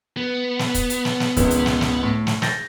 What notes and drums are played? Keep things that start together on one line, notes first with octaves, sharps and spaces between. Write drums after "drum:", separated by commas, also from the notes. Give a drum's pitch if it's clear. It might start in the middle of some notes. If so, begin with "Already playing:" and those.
B3
drum: snare
drum: kick, hi-hat
drum: hi-hat
drum: snare
drum: snare
G#1 C#2 E3, drum: kick, hi-hat
drum: hi-hat
drum: snare
drum: snare
A2
drum: snare
G6 A6 A#6, drum: snare